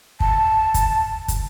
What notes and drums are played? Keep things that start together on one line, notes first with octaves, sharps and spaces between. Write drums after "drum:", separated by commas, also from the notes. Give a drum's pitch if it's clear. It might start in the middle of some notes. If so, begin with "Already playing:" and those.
A5, drum: kick
drum: kick, hi-hat
drum: kick, hi-hat